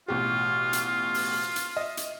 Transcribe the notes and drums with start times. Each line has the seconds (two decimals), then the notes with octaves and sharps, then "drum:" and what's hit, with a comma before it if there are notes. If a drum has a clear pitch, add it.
0.08 A1 B2 F4 G4
0.73 drum: hi-hat
1.14 drum: open hi-hat
1.56 drum: hi-hat
1.77 D#5 E5
1.97 drum: hi-hat